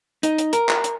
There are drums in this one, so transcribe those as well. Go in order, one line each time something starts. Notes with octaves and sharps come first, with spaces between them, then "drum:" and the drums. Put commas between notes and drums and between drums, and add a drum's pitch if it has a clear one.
D#4, drum: hi-hat
drum: hi-hat
A#4, drum: hi-hat
drum: clap
drum: hi-hat